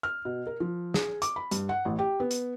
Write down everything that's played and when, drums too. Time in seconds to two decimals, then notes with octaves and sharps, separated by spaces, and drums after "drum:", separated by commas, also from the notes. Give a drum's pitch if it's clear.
0.03 F6
0.25 B2
0.47 A#4
0.60 F3
0.94 G#4, drum: snare
1.22 D6, drum: hi-hat
1.36 B5
1.51 G2, drum: hi-hat
1.69 F#5
1.85 A1
1.99 G4
2.20 B3
2.31 drum: hi-hat